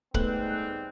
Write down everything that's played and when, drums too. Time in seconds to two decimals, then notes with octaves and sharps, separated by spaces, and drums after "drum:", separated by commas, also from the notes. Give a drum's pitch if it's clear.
0.14 G#2 G3 A3 B3 C4 F#6, drum: kick